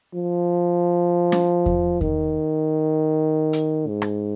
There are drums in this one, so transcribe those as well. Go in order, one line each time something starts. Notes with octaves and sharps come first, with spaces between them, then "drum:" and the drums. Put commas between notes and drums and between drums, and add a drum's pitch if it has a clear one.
F3
drum: snare
drum: kick E2
D#3, drum: kick E2
drum: hi-hat
G#2
drum: rim click